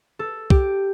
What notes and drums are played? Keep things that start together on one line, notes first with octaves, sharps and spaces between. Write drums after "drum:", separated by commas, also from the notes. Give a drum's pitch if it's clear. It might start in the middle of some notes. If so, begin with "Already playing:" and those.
A4
G4, drum: kick